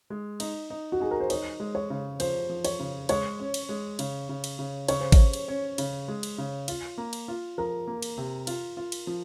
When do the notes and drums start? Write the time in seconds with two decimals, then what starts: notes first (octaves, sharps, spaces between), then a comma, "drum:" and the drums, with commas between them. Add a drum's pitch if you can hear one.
0.10 G#3
0.40 D#4, drum: cymbal
0.70 D#4
0.92 F#4
1.00 D#4 G#4
1.11 A#4
1.20 C5
1.30 D#4 C#5, drum: cymbal
1.60 G#3
1.75 C#5
1.90 C#3
2.20 F3 C5, drum: cymbal
2.49 F3
2.65 C#5, drum: cymbal
2.80 C#3
3.09 G#3 C#5, drum: cymbal
3.40 C#4
3.54 drum: cymbal
3.69 G#3
3.99 C#3, drum: cymbal
4.29 C#3
4.44 drum: cymbal
4.59 C#3
4.88 C#3 C#5, drum: cymbal
5.00 C5
5.12 C#5, drum: kick G#1, cymbal
5.19 C#4
5.33 drum: cymbal
5.48 C#4
5.78 C#3, drum: cymbal
6.08 G#3
6.23 drum: cymbal
6.38 C#3
6.68 F4, drum: cymbal
6.98 A#3
7.13 drum: cymbal
7.28 F4
7.58 F3 A#4
7.87 A#3
8.02 drum: cymbal
8.18 C3
8.47 F4, drum: cymbal
8.77 F4
8.92 drum: cymbal
9.07 F3